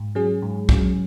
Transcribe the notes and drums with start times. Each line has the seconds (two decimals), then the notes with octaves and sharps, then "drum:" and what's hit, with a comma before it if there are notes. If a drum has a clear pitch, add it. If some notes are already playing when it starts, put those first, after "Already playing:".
Already playing: G#2
0.15 F#3 C#4 G#4
0.42 G#2
0.69 F#3 C#4 G#4, drum: kick